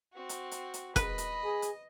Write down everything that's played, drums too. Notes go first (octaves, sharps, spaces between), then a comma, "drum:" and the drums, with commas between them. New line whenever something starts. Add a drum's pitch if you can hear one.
C4 F#4
drum: hi-hat
drum: hi-hat
drum: hi-hat
B4 D#5 B5, drum: kick F1, hi-hat
drum: hi-hat
G#4
drum: hi-hat